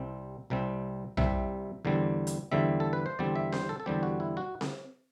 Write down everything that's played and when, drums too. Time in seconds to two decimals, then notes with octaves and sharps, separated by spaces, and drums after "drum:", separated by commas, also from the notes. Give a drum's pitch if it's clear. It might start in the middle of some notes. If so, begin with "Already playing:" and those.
Already playing: C2 C3 G3 C4
0.50 C2 C3 G3 C4
1.17 C2 C3 G3 C4 E5, drum: tom B1
1.85 E2 D3 G3 C4
2.27 drum: hi-hat
2.51 E2 D3 G3 C4 E5
2.80 A4
2.93 B4
3.06 C5
3.19 E2 D3 G3 C4 D5
3.36 E5
3.52 C5, drum: snare C4
3.69 A4
3.80 A4
3.86 E2 D3 G3 C4 G4
4.03 F#4
4.20 E4
4.37 F#4
4.61 drum: snare C4